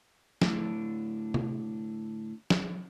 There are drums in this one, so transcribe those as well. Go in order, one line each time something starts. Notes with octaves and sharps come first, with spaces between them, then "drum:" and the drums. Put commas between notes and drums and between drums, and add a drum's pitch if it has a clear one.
A2 D3 D4, drum: snare
drum: tom C3
drum: snare